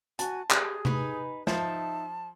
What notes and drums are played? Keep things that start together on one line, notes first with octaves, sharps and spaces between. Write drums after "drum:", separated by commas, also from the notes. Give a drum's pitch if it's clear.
F#4 G#5 A5, drum: hi-hat
G4 G#4, drum: clap
D#4 B4 G#5, drum: tom C3
F3 D#4 E5 A5, drum: snare